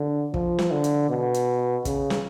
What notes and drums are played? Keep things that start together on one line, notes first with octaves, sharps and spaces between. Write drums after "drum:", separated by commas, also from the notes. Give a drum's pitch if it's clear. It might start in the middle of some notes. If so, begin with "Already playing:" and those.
Already playing: D3
F3, drum: kick
drum: snare
D3
drum: hi-hat
B2
drum: hi-hat
C#3, drum: kick, hi-hat
drum: snare